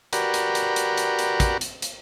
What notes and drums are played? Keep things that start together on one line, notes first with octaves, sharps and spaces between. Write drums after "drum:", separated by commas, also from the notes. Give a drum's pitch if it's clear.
F#4 G4 A#4 B4 D5, drum: hi-hat
drum: hi-hat
drum: hi-hat
drum: hi-hat
drum: hi-hat
drum: hi-hat
drum: kick, hi-hat
drum: hi-hat
drum: hi-hat